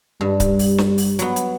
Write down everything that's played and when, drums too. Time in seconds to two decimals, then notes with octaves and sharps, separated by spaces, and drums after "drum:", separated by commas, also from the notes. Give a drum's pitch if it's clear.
0.21 G2 G3
0.40 drum: kick C#1, hi-hat
0.59 drum: open hi-hat
0.78 drum: snare
0.98 drum: open hi-hat
1.19 F#3 B3, drum: hi-hat
1.36 drum: hi-hat